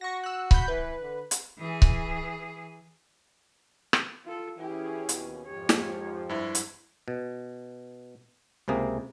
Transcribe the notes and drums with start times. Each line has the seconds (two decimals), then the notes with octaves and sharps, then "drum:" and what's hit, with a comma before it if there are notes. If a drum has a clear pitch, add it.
0.01 F#4 C#6 A#6
0.24 E6 F#6
0.51 B5 G6, drum: kick C#1
0.68 E3 B4
1.01 D3
1.31 drum: hi-hat
1.58 E3 G#4
1.82 drum: kick C#1
3.93 drum: rim click
4.25 F4 A4
4.57 E3 C#4 E4 G4 G#4
5.09 D#2 B2, drum: hi-hat
5.46 F2 G#2 F3 G4 C#5
5.69 drum: snare
6.29 G2 E4 C5
6.55 drum: hi-hat
7.08 B2
8.68 C#2 C3 A#3 G#4